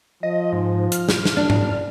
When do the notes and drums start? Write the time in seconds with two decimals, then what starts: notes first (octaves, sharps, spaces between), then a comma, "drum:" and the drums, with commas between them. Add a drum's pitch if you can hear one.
0.23 F3 D#5
0.52 G#2
0.92 F6, drum: hi-hat
1.09 drum: snare
1.25 drum: snare
1.37 F#1 D4
1.50 drum: tom G#2